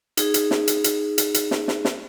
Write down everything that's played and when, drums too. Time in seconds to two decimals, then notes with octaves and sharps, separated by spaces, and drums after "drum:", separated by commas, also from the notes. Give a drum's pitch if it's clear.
0.17 D#4 G#4, drum: hi-hat
0.34 drum: hi-hat
0.51 drum: snare
0.68 drum: hi-hat
0.84 drum: hi-hat
1.18 drum: hi-hat
1.34 drum: hi-hat
1.51 drum: snare
1.68 drum: snare
1.85 drum: snare